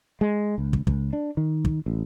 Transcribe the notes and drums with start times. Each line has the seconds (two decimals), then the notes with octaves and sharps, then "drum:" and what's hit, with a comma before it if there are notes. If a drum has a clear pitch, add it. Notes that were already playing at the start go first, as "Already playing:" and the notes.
0.21 G#3
0.58 C#2
0.73 drum: kick
0.87 C#2, drum: kick
1.13 D4
1.37 D#3
1.65 drum: kick
1.86 A1